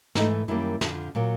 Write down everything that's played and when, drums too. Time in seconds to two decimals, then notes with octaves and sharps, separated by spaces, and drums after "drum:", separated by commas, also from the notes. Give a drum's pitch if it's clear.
0.15 G#2 E3 A3 D#4, drum: snare
0.48 F#2 D#3 G3 A#3 E4
0.81 F2 D3 F3, drum: snare
1.15 A#2 F#3 A#3